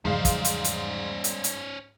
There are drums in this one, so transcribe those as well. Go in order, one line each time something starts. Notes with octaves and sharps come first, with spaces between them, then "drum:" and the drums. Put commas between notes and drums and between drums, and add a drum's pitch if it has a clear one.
E2 G#2 C#3 F3 G3 C#4 C5 F5
drum: kick, hi-hat
drum: hi-hat
drum: hi-hat
drum: hi-hat
drum: hi-hat